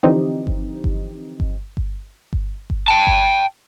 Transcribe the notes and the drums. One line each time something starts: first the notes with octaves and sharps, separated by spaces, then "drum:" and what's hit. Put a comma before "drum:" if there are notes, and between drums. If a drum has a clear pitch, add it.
D3 E3 F3 C4 D#4 G4
drum: kick G1
drum: kick G1
drum: kick G1
drum: kick G1
drum: kick G1
drum: kick G1
G5 A5
drum: kick G1